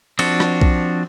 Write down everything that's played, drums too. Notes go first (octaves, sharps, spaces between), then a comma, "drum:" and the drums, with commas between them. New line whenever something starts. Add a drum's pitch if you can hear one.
F3 C4 D4 F#4, drum: cymbal
drum: rim click
drum: kick